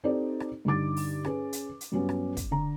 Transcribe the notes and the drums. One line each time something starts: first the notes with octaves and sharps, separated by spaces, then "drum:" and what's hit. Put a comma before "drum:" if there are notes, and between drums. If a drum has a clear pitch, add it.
C4 D#4 G4 A4 C5 D5
drum: rim click
G2 D3 D#4 D6 A6
drum: open hi-hat
C#4 G#4 B4, drum: rim click
drum: hi-hat
drum: hi-hat
G2 F#3 B3 C#4
drum: rim click
drum: kick, hi-hat
D3 A#5